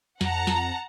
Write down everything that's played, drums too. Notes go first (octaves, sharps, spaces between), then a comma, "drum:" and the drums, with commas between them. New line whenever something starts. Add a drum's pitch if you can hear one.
F2 F#5 A5 A#5, drum: snare
drum: snare